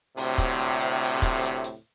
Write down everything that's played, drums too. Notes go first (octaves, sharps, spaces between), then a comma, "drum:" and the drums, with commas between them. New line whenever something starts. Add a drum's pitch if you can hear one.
D2 A2 C3, drum: open hi-hat
drum: kick, hi-hat
drum: hi-hat
drum: hi-hat
drum: open hi-hat
drum: kick, hi-hat
drum: hi-hat
drum: hi-hat